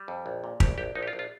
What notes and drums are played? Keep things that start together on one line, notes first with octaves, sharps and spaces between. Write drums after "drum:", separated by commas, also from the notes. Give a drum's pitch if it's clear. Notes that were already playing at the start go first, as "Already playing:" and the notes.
Already playing: G3
F2
A#1
A#2
A#1 G4, drum: kick
A#1 G4
A#1 D#4
G4
F4
A#1
F4